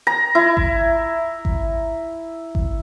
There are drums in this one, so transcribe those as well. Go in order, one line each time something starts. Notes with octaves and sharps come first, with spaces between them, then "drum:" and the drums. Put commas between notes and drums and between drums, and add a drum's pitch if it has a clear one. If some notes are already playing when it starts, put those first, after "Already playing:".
A#5
E4
drum: kick G#1
drum: kick G#1
drum: kick G#1